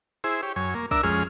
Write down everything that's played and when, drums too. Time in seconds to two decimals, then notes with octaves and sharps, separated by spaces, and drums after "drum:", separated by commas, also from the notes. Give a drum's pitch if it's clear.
0.24 E4 G#4 C5
0.43 G4 C#5
0.56 F#2 C#5 G#5
0.75 A#3, drum: tambourine
0.91 D4 A#4 E5 E6, drum: kick A#1, tambourine
1.03 F2 G#3 C#4 G#4 F6, drum: tambourine